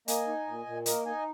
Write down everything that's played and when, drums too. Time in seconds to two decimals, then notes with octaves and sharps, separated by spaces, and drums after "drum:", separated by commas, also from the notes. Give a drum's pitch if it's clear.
0.08 A#3 D#5 G#5, drum: hi-hat
0.27 D#4
0.47 A#2
0.66 A#2
0.86 A#3 A#4 D#5, drum: hi-hat
1.05 D#4 D#5 G#5